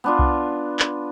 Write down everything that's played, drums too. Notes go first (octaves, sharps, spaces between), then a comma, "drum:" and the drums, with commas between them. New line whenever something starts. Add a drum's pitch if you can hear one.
B3 D4 F4
drum: kick C2
drum: clap